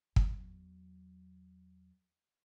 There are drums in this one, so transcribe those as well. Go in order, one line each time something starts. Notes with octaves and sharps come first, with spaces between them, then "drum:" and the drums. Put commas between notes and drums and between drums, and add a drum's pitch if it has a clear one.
E2 F#3, drum: kick